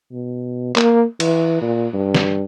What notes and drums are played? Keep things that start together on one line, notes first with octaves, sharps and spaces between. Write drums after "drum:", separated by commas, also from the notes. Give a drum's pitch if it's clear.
B2
A#3, drum: clap
E3, drum: cymbal
A#2
G2
drum: snare